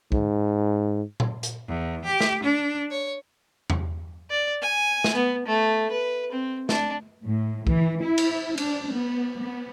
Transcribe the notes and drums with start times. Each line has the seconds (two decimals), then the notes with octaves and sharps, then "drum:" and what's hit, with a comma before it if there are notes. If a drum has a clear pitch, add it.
0.12 G#2, drum: kick
1.20 drum: tom A#2
1.43 drum: hi-hat
1.68 E2
2.05 G4
2.21 drum: snare
2.43 D4
2.90 C#5
3.70 drum: tom E2
4.30 D5
4.62 G#5
5.04 drum: snare
5.15 B3
5.46 A3
5.91 B4
6.32 C4
6.69 D4, drum: snare
7.22 A2
7.67 E3, drum: kick
8.02 E4
8.18 drum: cymbal
8.58 D4, drum: cymbal
8.91 B3
9.38 B3